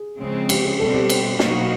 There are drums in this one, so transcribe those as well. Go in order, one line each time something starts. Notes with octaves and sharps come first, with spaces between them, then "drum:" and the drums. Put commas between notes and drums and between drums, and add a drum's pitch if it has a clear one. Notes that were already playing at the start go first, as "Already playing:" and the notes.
Already playing: G#4
C#3 F3 G#3 C4
G4, drum: cymbal
G#4
B2 G3 C4 A4
G4
drum: cymbal
B2 F#3 A#3 D#4 F#4, drum: snare